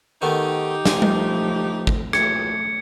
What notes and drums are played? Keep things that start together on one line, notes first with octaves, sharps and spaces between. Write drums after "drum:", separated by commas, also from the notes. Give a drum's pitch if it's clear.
D#3 A3 B3 D#4 G4
F3 A3 G5 G#5 C6, drum: snare
drum: tom G3
drum: kick
A#2 E3 F#3 A3 G#6 C#7, drum: rim click